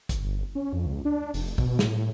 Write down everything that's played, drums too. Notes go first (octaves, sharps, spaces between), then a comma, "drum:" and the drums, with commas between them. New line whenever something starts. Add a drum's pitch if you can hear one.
G1, drum: kick, hi-hat
C#4
F2
C#2
D4
F1, drum: open hi-hat
B2, drum: kick
A2, drum: snare